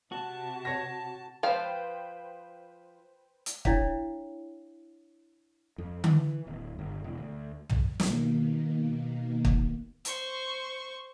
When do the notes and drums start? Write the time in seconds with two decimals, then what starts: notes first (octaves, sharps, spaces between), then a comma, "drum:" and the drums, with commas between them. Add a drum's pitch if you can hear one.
0.12 C3 F#4 A5
0.65 C#5 A#6
1.43 F3 B4 C5 F5 G5
3.46 drum: hi-hat
3.65 D4 E4 C#5 F5, drum: kick
5.78 F2
6.04 E3, drum: tom D3
6.47 D1
6.79 G1
7.04 E1
7.18 D2
7.70 drum: tom
8.00 B2 D#3 A#3, drum: snare
9.45 drum: kick
10.05 C5 C#6, drum: hi-hat